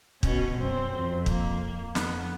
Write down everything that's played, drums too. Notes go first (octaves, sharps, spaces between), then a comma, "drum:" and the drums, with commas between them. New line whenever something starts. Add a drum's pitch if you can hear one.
B2 C#4, drum: kick
F#2 C4
F2
A#3, drum: kick
F2 B3, drum: snare